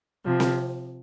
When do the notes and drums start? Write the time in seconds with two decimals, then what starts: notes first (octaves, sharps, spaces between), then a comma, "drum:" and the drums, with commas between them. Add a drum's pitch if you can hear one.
0.24 C3 F3
0.40 drum: snare C4